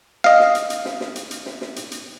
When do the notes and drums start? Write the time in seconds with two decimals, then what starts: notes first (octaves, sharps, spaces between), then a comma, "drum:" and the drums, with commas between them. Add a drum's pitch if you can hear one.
0.24 D#5 F5, drum: snare
0.40 drum: snare
0.55 drum: hi-hat
0.70 drum: hi-hat
0.85 drum: snare
1.00 drum: snare
1.16 drum: hi-hat
1.31 drum: hi-hat
1.46 drum: snare
1.61 drum: snare
1.76 drum: hi-hat
1.92 drum: hi-hat